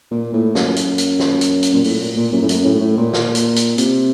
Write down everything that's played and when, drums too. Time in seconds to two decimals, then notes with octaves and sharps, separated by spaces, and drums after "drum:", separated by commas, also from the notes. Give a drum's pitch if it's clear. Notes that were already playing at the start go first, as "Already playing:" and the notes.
0.11 A#2
0.33 A2
0.55 F#2, drum: snare
0.76 drum: hi-hat
0.98 drum: hi-hat
1.20 drum: snare
1.41 drum: hi-hat
1.63 drum: hi-hat
1.74 A#2
1.84 A2, drum: open hi-hat
2.01 A#2
2.17 A#2
2.32 F#2
2.42 A2
2.49 F#2, drum: hi-hat
2.65 A2
2.81 A2
2.97 A#2
3.13 drum: snare
3.35 drum: hi-hat
3.56 drum: hi-hat
3.78 C3, drum: hi-hat